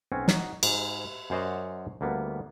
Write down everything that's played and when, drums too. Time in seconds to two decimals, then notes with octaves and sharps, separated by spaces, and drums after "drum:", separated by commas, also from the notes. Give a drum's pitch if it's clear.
0.12 B1 C4 C#4 F#4
0.28 D#4 F#4, drum: snare
0.63 G#2, drum: cymbal
1.30 F#2 C#4 C5 D5 D#5 F#5
2.01 D2 G3 A#3 B3